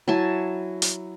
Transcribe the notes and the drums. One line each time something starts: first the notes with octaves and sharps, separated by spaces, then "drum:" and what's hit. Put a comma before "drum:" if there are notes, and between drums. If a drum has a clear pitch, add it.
F#3 E4 G#5 A5
drum: hi-hat